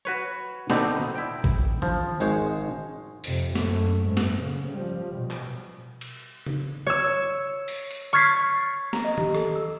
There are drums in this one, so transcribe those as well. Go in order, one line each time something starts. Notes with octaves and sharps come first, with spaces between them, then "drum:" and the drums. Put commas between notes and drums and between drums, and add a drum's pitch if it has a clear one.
F#4 B4 C#5
B2 D3 B3 C4 D#4, drum: snare
E4 G5
drum: kick A1
F3, drum: tom D#3
G#1 G#3 C5 C#5 F#5, drum: tambourine
F2 C3, drum: open hi-hat
F#2 A3, drum: snare
G#2
drum: snare
C#3
F3 G3
B2
drum: clap
drum: cymbal
drum: tom C#3
C#5 E6
drum: open hi-hat
drum: hi-hat
C#6 F6 G#6 A6 B6 C7
A#5, drum: snare
D#5
G4, drum: tom D#3
A4, drum: rim click
E6